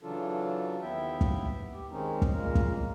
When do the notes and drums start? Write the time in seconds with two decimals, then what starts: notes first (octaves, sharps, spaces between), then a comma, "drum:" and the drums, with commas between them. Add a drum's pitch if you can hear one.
0.03 C#3 E3 F#3 D4 F4 A4
0.82 D#2 B3 E4 E5 G5
1.21 drum: kick
1.73 G4
1.90 D#3 G#3 C4 C#4 D#4
2.22 drum: kick
2.32 A#2 C#3 G#3 A#3 A#4
2.55 drum: kick